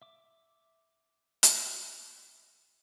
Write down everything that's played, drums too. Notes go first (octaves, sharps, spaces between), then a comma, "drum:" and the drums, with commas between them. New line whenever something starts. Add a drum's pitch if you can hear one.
E5 D6
drum: hi-hat